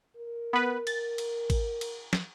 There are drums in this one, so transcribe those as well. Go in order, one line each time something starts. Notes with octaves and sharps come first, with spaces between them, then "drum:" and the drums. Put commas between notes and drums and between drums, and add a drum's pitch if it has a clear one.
A#4
B3 B4
A6, drum: cymbal
drum: cymbal
drum: kick G#1, cymbal
drum: cymbal
drum: snare